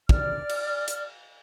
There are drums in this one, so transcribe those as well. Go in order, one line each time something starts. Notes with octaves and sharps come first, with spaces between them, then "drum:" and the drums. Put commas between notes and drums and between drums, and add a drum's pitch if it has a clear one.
D5 F6, drum: kick
drum: cymbal
drum: hi-hat